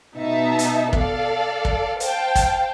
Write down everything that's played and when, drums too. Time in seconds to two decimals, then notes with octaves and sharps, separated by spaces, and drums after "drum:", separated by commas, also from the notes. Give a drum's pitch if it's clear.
0.16 B2 D#4 E5 A5
0.59 drum: hi-hat
0.93 A4 D5 F5, drum: kick
1.65 drum: kick
2.00 C5 F5 G5 A5, drum: hi-hat
2.35 drum: kick, hi-hat